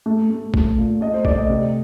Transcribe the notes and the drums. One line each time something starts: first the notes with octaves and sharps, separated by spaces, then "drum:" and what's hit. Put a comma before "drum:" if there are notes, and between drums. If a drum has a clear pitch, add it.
A3
A3
A3, drum: kick A#1
A#2
A3 D#5
C5
A3 D5, drum: kick A#1
D#5
C3